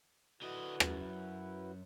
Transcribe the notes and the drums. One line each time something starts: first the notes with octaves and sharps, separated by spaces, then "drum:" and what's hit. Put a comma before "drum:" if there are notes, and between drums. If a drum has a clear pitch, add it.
D3 E4 F#4 B4 D#5
C2 F#2, drum: rim click